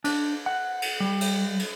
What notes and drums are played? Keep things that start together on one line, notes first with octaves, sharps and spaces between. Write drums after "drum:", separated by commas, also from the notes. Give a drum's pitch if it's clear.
D4, drum: cymbal
F#5
drum: cymbal
G3
drum: cymbal
drum: cymbal